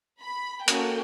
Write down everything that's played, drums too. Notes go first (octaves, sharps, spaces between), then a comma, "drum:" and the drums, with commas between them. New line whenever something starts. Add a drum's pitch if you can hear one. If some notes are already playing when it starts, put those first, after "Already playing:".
B5
A#3 C#4 F#4 A4 G5, drum: hi-hat